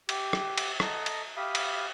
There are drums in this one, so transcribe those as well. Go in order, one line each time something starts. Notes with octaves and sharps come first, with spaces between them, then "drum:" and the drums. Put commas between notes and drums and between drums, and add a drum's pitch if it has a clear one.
G4, drum: cymbal
drum: rim click
drum: cymbal
A4 D#5 A#5, drum: rim click
drum: cymbal
G4 E5 F5 B5 D#6
drum: cymbal